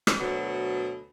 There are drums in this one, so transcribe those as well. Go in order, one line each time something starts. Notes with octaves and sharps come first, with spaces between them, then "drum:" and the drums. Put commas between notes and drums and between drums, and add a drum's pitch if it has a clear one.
drum: rim click
D2 B2 F#3